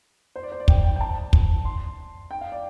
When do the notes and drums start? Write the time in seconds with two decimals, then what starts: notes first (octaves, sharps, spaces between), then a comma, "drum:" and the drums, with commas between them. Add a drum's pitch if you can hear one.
0.36 C5
0.43 D5
0.52 C5
0.60 D5
0.68 G5, drum: kick
0.84 G5
0.96 G5
1.01 A5
1.33 drum: kick
1.65 C6
2.31 G5
2.41 F5
2.52 D5